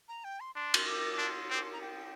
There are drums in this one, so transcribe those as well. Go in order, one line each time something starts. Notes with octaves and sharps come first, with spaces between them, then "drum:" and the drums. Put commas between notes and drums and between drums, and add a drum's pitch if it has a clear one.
A#5
G5
C6
D4 C6
drum: cymbal
D6
D6
D4 C6
C4 D6
C6
A#5
G5